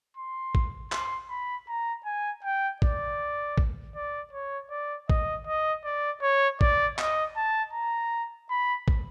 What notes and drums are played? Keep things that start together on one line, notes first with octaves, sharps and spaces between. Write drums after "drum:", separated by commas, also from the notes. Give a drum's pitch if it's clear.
C6
drum: kick A1
C6, drum: clap
B5
A#5
G#5
G5
D5, drum: kick A1
drum: kick A1
D5
C#5
D5
D#5, drum: kick A1
D#5
D5
C#5
D5, drum: kick A1
D#5, drum: clap
A5
A#5
B5
drum: kick A1